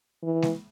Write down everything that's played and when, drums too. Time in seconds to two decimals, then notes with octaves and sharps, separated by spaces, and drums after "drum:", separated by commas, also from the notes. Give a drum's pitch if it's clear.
0.23 E3
0.42 drum: snare G#3